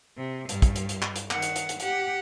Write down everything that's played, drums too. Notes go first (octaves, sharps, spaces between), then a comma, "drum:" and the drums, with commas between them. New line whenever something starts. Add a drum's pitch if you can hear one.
C3
G2, drum: hi-hat
drum: kick, hi-hat
drum: hi-hat
drum: hi-hat
drum: clap
drum: hi-hat
D#3 F#5, drum: clap
drum: hi-hat
drum: hi-hat
drum: hi-hat
G4 F#5, drum: hi-hat